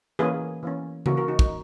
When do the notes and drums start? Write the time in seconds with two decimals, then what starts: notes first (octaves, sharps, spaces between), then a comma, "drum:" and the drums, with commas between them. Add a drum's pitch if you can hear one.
0.19 E3 A#3 C#4 G#4 B4
0.63 E3 A#3 C#4
1.06 E3 A#3 C#4 F#4 A#4, drum: tom C#3
1.17 F#4 A#4
1.28 D#4 F#4
1.39 D#4, drum: kick